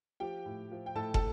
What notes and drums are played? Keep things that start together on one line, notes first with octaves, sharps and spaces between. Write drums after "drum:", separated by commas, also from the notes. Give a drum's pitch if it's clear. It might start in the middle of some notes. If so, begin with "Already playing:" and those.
F3 G4 G5
A2
F3
G5
A2 A4 A5
A4 A5, drum: kick